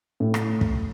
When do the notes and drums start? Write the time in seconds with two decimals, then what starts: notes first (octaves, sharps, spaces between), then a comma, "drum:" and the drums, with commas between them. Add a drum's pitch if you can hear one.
0.20 A2
0.34 drum: rim click
0.61 drum: kick